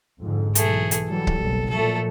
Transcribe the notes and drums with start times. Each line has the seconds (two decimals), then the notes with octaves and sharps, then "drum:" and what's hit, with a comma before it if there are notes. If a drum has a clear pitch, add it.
0.21 F2 G#2 D3
0.55 B1 E3 A3 G#4, drum: hi-hat
0.91 drum: hi-hat
1.09 E3 F#3 G3 A4
1.27 drum: kick C#1
1.40 F#1 B1
1.69 A#2 F3 F#3 A3 A4